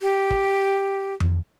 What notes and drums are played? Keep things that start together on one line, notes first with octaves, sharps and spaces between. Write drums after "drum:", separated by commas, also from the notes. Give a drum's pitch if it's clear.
G4
drum: kick
drum: tom F2